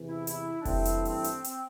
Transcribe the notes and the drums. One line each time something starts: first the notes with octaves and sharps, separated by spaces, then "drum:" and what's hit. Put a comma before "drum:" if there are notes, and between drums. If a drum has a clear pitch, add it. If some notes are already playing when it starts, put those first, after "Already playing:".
Already playing: E2 C3 E3
E4
E4, drum: hi-hat
D4
G2 E3 A3 C4 E4, drum: kick F1, open hi-hat
drum: hi-hat
C4, drum: open hi-hat
drum: hi-hat
C4, drum: hi-hat